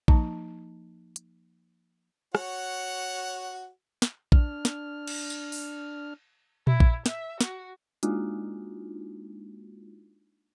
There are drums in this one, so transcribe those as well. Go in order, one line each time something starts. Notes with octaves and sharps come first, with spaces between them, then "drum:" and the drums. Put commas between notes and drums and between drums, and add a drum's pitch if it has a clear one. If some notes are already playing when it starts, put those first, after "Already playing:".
F3 A#3 D#4 A5 A#5, drum: kick A#1
drum: hi-hat
F#4 C#5 F#5, drum: rim click
drum: snare
D4 F6, drum: kick A#1
drum: snare
drum: cymbal
drum: tambourine
drum: open hi-hat
E4, drum: tom A#2
drum: kick A#1
E5, drum: snare
F#4, drum: snare
G#3 A#3 D4 D#4 F4 F#4, drum: hi-hat